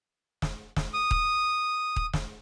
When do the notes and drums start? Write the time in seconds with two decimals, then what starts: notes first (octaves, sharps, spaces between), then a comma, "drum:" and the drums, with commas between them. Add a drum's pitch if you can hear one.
0.42 drum: snare
0.76 drum: snare
0.94 D#6
1.11 drum: kick D#1
1.96 drum: kick D#1
2.13 drum: snare